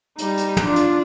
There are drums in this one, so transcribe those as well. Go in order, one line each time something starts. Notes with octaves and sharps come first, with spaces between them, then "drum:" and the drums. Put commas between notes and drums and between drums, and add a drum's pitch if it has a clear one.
G3 D#4, drum: hi-hat
drum: hi-hat
drum: tom
D4 F4
drum: hi-hat